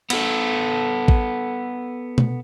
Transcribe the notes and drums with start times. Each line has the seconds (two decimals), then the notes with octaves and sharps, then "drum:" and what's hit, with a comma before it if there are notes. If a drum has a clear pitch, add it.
0.10 B3 A4, drum: cymbal
1.08 drum: kick A1
2.18 drum: tom B2